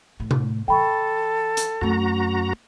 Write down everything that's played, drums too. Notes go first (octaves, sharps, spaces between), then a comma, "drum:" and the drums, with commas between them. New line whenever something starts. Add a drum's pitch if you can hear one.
A2
drum: tom C3
E3 A4 G5 B5 C#6
drum: hi-hat
F#2 A3 C4 F#4 A#5